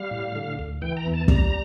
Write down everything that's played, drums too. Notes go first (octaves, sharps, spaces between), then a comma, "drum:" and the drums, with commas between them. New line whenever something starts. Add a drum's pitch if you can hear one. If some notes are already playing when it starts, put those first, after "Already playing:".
Already playing: G3 F5
A2
D3
D2
E3 G5
A#5
E2
A5
G3 A#5, drum: kick